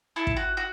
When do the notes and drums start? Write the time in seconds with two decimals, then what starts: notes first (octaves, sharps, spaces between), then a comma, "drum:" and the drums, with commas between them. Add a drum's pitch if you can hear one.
0.16 E4 A4
0.27 drum: kick
0.37 F#4
0.57 F#4